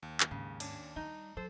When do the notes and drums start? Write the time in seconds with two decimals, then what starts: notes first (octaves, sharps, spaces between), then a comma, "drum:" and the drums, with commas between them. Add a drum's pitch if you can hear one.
0.03 D#2
0.20 drum: clap
0.31 G#2 C#3
0.60 C#4 D4, drum: cymbal
0.96 G3 D#4
1.37 F#3 A4 C5